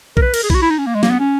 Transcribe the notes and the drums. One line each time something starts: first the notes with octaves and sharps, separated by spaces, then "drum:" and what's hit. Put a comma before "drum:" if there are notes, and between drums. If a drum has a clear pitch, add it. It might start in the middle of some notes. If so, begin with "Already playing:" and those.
A#4, drum: kick A#1
B4
A#4, drum: cymbal
G#4
E4, drum: kick A#1
F#4
E4
D#4
C#4
A#3
G#3
A#3, drum: snare
B3
C#4